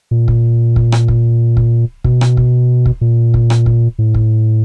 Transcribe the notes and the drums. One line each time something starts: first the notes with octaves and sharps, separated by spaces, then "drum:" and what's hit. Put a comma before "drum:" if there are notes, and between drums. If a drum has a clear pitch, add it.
A#2
drum: kick
drum: kick
drum: rim click
drum: kick
drum: kick
B2, drum: kick
drum: rim click
drum: kick
drum: kick
A#2
drum: kick
drum: rim click
drum: kick
A2
drum: kick